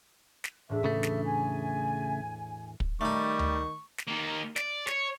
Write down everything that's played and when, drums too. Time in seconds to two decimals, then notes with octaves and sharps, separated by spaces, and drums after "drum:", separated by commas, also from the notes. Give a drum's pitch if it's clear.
0.44 drum: snare
0.69 E1 A2 D4 E5
0.84 C#3 A3
1.03 drum: snare
1.24 G#5
2.80 drum: kick
3.01 D#3 G3 A3 D#4 C#6
3.39 drum: tom D2
3.98 drum: snare
4.08 D#3 A#3
4.56 D5, drum: snare
4.87 C#5, drum: snare